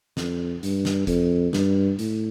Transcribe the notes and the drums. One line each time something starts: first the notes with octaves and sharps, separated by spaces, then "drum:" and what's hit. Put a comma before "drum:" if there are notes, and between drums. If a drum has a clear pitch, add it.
F2, drum: snare
G2, drum: hi-hat
drum: snare
F2, drum: kick F#1, hi-hat
G2, drum: snare
A2, drum: hi-hat